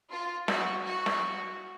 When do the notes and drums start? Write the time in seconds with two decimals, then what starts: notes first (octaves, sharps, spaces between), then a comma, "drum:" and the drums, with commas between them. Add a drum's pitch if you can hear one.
0.11 F4
0.48 F#4, drum: snare
0.85 F#4
1.06 drum: snare